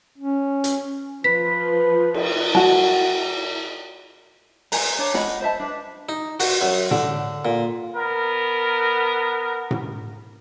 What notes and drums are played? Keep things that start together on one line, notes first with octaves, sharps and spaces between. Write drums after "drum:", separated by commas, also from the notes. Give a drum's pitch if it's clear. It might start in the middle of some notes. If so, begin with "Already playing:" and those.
C#4
drum: hi-hat
F3 B4 B6
drum: cymbal
F#4 A5
G#4 G#5 A#5, drum: open hi-hat
D4 C#5 A#5
D#5 F#5 B5, drum: snare
C5 D#5 E5 A5
D4 B4
D#4
F#4, drum: open hi-hat
F#2
D3, drum: tom A2
A#2
B3 A#4
drum: tom A2